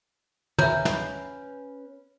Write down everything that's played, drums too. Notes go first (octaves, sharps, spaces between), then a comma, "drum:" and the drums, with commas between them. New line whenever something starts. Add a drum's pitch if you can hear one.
C#4 B4 E5 A#5 G6, drum: tom
drum: snare